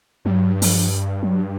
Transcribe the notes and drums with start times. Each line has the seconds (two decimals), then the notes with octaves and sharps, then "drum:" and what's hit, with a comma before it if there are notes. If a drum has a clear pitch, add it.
0.25 G2 F#3
0.62 F3, drum: open hi-hat
1.23 F#3